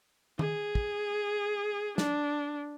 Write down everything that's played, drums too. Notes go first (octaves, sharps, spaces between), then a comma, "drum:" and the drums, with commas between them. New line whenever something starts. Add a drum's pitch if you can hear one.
G#4, drum: tom D#3
drum: kick
D4, drum: snare